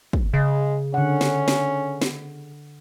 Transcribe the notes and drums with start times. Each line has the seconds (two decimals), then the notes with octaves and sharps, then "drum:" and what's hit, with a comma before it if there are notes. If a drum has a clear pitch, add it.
0.13 drum: kick
0.34 C#3 G#3
0.94 D3 C#4 F#5
1.21 drum: snare
1.48 drum: snare
2.01 drum: snare